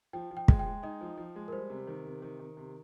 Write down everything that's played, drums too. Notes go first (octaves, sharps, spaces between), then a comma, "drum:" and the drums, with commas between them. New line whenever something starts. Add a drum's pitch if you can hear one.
F3 G5
F3
G5
G#3, drum: kick
G5
G#3
D#4 D#5
F3
F3
G#3
A#4
G3 C5
C3
D#3
C3
D#3
D#3
C3